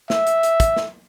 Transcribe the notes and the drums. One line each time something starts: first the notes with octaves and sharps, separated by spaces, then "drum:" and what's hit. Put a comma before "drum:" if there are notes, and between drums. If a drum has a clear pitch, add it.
E5, drum: snare
drum: hi-hat
drum: hi-hat
drum: kick, hi-hat
drum: snare